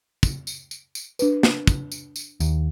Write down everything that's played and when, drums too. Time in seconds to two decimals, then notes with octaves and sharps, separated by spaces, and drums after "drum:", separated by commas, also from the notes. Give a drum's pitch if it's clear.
0.23 drum: kick, tambourine
0.47 drum: tambourine
0.71 drum: tambourine
0.95 drum: tambourine
1.19 D4 B4, drum: tambourine
1.43 drum: snare
1.67 drum: kick, tambourine
1.92 drum: tambourine
2.16 drum: tambourine
2.40 D#2, drum: tambourine